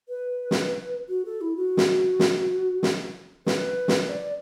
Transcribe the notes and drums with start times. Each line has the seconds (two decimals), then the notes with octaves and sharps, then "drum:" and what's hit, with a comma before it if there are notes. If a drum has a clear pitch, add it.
0.09 B4
0.51 drum: snare
1.09 F#4
1.25 A4
1.41 E4
1.56 F#4
1.77 drum: snare
2.19 drum: snare
2.83 drum: snare
3.46 B4, drum: snare
3.88 drum: snare
4.09 D5